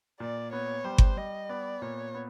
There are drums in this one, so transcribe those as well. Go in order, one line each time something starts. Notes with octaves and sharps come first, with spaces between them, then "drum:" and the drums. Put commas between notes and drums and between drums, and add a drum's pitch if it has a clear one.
A#2 D5
B3 C#5
G3 C5
drum: kick G1
G3 D#5
B3 D5
A#2 C#5
B3